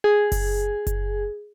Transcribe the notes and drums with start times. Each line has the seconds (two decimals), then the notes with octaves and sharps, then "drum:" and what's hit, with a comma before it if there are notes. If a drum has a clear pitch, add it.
0.04 G#4
0.32 drum: kick F#1, open hi-hat
0.87 drum: kick F#1, hi-hat